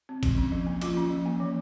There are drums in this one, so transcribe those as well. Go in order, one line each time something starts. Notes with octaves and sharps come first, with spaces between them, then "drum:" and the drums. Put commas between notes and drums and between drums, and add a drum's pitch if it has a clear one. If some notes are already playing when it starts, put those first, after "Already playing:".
C4
F3, drum: kick G#1, cymbal
C#4
F3
A#3
F3 F4, drum: cymbal
C#4
F3
A#3
E3